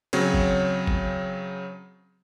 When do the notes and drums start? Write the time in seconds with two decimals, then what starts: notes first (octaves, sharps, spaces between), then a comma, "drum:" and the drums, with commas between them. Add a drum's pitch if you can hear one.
0.13 C#3 F#3 C4 C#5, drum: cymbal
0.34 drum: kick G1
0.87 drum: kick G1